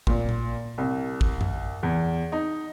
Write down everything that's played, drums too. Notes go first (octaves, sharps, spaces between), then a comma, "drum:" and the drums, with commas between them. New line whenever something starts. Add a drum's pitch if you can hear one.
A#2, drum: kick
drum: tom A#2
C2
drum: kick
drum: tom F#2
E2
D#4